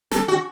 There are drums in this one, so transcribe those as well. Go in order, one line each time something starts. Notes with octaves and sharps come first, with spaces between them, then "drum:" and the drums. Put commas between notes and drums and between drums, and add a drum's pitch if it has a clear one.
A4, drum: snare
F#4